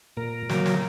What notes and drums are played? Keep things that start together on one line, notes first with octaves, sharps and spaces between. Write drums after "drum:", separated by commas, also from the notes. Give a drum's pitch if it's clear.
A#2 A#4
F#3 A#3, drum: snare
drum: snare